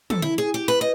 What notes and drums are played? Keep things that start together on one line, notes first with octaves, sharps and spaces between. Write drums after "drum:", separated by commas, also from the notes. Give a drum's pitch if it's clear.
A4, drum: tom
E4
G#4
G4
B4
D#5